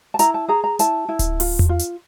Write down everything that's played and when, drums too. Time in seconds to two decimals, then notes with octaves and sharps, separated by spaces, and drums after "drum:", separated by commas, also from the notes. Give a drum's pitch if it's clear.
0.14 A5
0.19 E4 A#5, drum: hi-hat
0.34 A5
0.48 G#4 A#5
0.64 A#5
0.79 E4 A5, drum: hi-hat
1.09 E4
1.19 drum: kick D1, hi-hat
1.40 F4, drum: open hi-hat
1.59 drum: tom E2
1.69 F4
1.79 drum: hi-hat